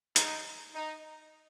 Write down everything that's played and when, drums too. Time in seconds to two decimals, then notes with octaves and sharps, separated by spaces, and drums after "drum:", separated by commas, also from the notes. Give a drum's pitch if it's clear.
0.16 D#4, drum: hi-hat
0.74 D#4